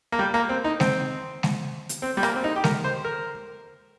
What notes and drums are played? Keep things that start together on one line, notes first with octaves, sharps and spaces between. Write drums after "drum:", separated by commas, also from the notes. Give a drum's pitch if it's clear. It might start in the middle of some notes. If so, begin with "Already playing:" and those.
A#3
G3
A#3
C4
D#4
C4, drum: snare G#3
drum: snare G#3
drum: hi-hat
C4
G3
A#3, drum: rim click
C4
D#4
G4
A#4, drum: snare G#3
C5
A#4